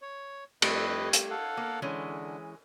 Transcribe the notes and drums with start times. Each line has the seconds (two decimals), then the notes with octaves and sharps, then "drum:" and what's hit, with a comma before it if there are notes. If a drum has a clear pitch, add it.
0.02 C#5
0.62 F2 G3 A3 G4 B4 D#5, drum: cymbal
1.13 drum: hi-hat
1.30 A4 F5 F#5
1.57 A#3
1.82 D3 E3 G#3 C#4